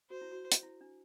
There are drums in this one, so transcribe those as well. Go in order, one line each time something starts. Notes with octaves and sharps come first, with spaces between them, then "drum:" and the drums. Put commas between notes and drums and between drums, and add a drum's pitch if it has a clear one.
F#4 C5
E4
F#4
drum: hi-hat
E4
D4